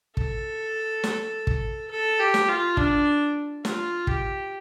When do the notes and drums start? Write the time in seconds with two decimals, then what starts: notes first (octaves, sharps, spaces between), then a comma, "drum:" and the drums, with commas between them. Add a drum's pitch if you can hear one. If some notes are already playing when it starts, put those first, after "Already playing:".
0.17 A4, drum: kick
1.04 drum: snare
1.47 drum: kick
1.91 A4
2.20 G4
2.34 drum: snare
2.48 F4
2.77 D4, drum: kick
3.65 F4, drum: snare
4.07 G4, drum: kick